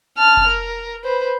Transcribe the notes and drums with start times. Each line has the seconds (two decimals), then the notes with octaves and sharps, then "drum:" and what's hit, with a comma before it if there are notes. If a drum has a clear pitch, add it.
0.17 A5 F6
0.37 drum: kick F1
0.47 A#4
1.04 B4 C5